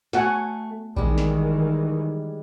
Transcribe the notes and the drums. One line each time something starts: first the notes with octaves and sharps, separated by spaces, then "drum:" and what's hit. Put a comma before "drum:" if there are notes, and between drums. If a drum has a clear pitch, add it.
A3 F#4 F#5 G#5, drum: snare
D#3 E3 G3 G#3, drum: kick A#1
drum: snare